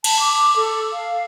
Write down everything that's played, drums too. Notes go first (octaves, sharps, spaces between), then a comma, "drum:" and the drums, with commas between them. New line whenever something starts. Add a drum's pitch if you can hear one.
A5, drum: cymbal
D6
A4
F5